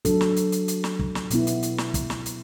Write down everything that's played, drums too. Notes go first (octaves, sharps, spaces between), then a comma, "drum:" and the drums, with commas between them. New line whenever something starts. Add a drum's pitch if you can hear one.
F#3 D4 A4, drum: kick, hi-hat
drum: snare
drum: hi-hat
drum: hi-hat
drum: hi-hat
drum: snare
drum: kick
drum: snare
B2 B3 E4, drum: hi-hat
drum: hi-hat
drum: hi-hat
drum: snare
drum: kick, hi-hat
drum: snare
drum: hi-hat